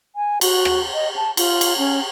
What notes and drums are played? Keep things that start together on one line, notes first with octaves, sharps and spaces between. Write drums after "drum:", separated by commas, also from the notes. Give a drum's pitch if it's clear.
G#5
F#4, drum: cymbal
drum: rim click
D#5
A5
F4, drum: cymbal
drum: cymbal
C#4